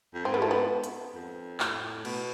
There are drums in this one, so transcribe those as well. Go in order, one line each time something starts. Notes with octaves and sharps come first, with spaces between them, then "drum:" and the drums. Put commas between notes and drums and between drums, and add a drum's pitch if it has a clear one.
F2
G#2 C4
B3, drum: tom
A3
B3
drum: hi-hat
F2
A2, drum: clap
B2, drum: cymbal